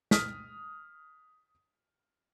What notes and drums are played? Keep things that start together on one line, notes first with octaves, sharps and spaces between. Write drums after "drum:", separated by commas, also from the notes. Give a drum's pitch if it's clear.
D#6 F6 B6, drum: snare